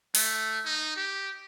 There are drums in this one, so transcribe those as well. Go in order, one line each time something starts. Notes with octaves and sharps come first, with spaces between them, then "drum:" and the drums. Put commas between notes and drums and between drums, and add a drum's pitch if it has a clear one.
A3, drum: open hi-hat
D#4
G4